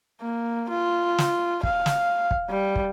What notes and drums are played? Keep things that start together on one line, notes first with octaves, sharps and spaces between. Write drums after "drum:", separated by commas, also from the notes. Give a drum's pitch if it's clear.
A#3
F4
drum: snare
F5, drum: kick
drum: snare
drum: kick
G3
drum: kick